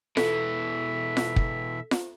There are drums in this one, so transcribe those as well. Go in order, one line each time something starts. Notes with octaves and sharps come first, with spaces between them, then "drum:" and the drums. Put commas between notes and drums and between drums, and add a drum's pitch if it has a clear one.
B2 E3 A4 E5, drum: snare F4
drum: snare F4
drum: kick
drum: snare F4